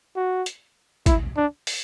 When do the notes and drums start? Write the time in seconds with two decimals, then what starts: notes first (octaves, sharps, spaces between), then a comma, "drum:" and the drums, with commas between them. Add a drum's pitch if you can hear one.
0.16 F#4
0.46 drum: hi-hat
1.06 E4, drum: kick, hi-hat
1.37 D4
1.67 drum: open hi-hat